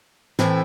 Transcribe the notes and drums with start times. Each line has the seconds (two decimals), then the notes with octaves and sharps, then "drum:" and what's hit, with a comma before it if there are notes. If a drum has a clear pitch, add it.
0.39 A2 E3 A3 C4 E4, drum: snare